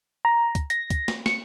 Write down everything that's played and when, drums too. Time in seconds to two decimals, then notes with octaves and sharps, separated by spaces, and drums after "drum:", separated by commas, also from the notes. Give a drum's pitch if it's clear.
0.25 A#5
0.55 drum: kick, hi-hat
0.70 A#6, drum: hi-hat
0.90 drum: kick, hi-hat
1.08 drum: snare
1.26 C#7, drum: snare